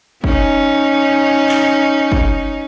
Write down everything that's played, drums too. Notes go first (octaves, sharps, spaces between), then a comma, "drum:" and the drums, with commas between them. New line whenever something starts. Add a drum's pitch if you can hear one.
C#4 D#4, drum: kick
drum: clap
drum: kick